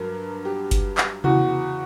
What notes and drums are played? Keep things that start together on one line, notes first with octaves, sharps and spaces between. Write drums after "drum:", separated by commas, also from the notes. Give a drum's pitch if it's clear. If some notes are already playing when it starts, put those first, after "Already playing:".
Already playing: G2 F#3 A#4
G4
drum: kick F#1, hi-hat
drum: clap
E2 C#3 E3 F#4, drum: tom C3